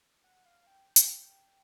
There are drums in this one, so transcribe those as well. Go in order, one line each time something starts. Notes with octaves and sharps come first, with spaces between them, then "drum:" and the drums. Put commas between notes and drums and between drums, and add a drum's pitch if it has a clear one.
F#5
F5
G5
drum: hi-hat